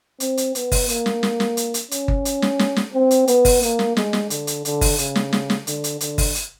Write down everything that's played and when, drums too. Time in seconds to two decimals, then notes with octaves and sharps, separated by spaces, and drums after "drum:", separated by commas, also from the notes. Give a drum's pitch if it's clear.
0.20 C4, drum: hi-hat
0.37 drum: hi-hat
0.55 B3, drum: hi-hat
0.72 drum: kick G1, open hi-hat
0.89 A#3, drum: hi-hat
1.06 drum: snare
1.23 drum: snare
1.40 drum: snare
1.57 drum: hi-hat
1.74 drum: hi-hat
1.91 C#4, drum: hi-hat
2.08 drum: kick G1
2.25 drum: hi-hat
2.42 drum: snare
2.59 drum: snare
2.76 drum: snare
2.94 C4
3.11 drum: hi-hat
3.28 B3, drum: hi-hat
3.45 drum: kick G1, open hi-hat
3.62 A#3, drum: hi-hat
3.79 drum: snare
3.97 G#3, drum: snare
4.13 drum: snare
4.30 D3, drum: hi-hat
4.47 drum: hi-hat
4.65 D3, drum: hi-hat
4.81 drum: kick G1, open hi-hat
4.98 C#3, drum: hi-hat
5.15 drum: snare
5.33 drum: snare
5.50 drum: snare
5.67 D3, drum: hi-hat
5.84 drum: hi-hat
6.01 D3, drum: hi-hat
6.18 drum: kick G1, open hi-hat
6.35 drum: hi-hat